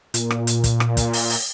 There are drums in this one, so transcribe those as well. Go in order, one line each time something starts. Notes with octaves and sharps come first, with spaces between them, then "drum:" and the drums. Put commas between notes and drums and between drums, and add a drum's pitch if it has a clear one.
A#2, drum: hi-hat
drum: rim click
drum: hi-hat
drum: kick, hi-hat
drum: rim click
drum: kick, hi-hat
drum: open hi-hat
drum: open hi-hat